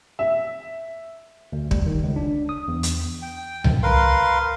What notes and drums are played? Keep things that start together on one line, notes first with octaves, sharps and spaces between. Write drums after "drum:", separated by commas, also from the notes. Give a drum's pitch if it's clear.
E5
D2
G3, drum: kick
D#3
C#2
D4
D#6
E2
drum: hi-hat
G5
drum: tom C2
A#4 B4 F5 C6